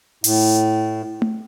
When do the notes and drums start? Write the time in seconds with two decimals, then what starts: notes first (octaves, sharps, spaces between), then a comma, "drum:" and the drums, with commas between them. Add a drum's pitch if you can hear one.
0.24 A2, drum: open hi-hat
1.22 drum: tom A3